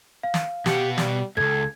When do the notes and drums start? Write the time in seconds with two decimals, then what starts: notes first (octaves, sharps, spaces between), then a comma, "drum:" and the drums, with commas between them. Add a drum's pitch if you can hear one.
0.23 F5
0.34 drum: snare
0.66 B2 G4 F#5, drum: snare
0.98 G3, drum: snare
1.37 C#2 G#2 A4 G#6